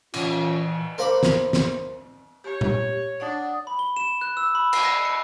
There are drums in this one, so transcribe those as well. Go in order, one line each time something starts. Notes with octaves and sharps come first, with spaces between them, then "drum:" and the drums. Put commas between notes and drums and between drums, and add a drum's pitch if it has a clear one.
A#2 E3 C#4 F4, drum: cymbal
A#4 C5 F5 B5 D6
drum: snare
drum: snare
G4 C#5
drum: tom A#2
D4 D5 F#5 D#6
B5
G7
E7
F#6
E6
B5
C7, drum: cymbal
A#6
C#7